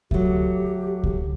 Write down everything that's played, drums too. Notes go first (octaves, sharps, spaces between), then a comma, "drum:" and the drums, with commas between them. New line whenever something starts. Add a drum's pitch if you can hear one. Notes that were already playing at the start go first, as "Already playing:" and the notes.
F#3 A3 G4, drum: kick C#2
drum: kick C#2